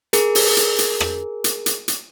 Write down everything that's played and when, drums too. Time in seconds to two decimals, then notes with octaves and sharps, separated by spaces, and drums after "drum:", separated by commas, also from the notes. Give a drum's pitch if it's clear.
0.13 G#4 A#4, drum: hi-hat
0.35 drum: open hi-hat
0.57 drum: hi-hat
0.79 drum: hi-hat
1.00 drum: rim click
1.44 drum: hi-hat
1.66 drum: hi-hat
1.88 drum: hi-hat